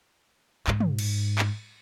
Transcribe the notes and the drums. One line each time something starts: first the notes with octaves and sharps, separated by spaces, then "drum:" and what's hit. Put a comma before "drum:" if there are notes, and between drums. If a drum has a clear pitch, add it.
G#2, drum: clap
drum: tom
drum: cymbal
drum: clap